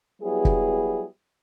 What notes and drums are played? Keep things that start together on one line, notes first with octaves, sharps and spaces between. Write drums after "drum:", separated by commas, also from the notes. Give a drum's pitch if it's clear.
F#3 G3 B3 E4 G#4
drum: kick